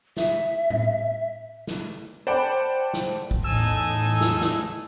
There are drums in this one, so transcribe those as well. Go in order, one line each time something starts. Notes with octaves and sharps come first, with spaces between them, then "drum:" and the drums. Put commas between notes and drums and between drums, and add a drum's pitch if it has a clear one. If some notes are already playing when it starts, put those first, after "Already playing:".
E5, drum: snare
drum: tom A2
drum: snare
C5 D5 F#5 G5 A5 B5
drum: snare
drum: kick
E2 A2 D#4 D#5 G#5 A5 E6
drum: snare
drum: snare